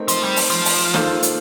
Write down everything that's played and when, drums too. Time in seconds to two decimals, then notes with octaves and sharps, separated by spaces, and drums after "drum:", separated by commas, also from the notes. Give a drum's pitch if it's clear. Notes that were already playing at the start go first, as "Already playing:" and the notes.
Already playing: A3 C4 D#4 A#4
0.08 F3, drum: hi-hat
0.22 G3
0.36 drum: open hi-hat
0.50 F3
0.65 drum: open hi-hat
0.94 D#3 A#3 F4 A4 C5, drum: snare
1.23 drum: hi-hat